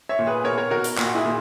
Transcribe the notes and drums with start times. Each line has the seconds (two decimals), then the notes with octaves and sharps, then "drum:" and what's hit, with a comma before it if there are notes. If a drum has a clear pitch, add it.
0.09 C#5 E5
0.19 A#2
0.27 G#4 B4
0.44 B2 A#4 C#5
0.58 A#4 C#5
0.71 B2 F#4 A#4
0.84 drum: hi-hat
0.98 A#2 F#4, drum: clap
1.15 E4 G#4
1.24 A#2